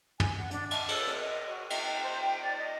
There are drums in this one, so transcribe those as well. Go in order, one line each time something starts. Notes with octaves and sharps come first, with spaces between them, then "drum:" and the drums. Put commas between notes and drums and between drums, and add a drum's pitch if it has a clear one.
G#5, drum: tom
F#5
D4, drum: hi-hat
A5, drum: cymbal
A4, drum: cymbal
drum: hi-hat
D#5
F#4
G5, drum: cymbal
C5
G5
D5
D#5